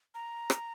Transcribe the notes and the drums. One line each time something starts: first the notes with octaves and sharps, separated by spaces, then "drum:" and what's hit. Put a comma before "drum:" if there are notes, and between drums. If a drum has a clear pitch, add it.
A#5
drum: rim click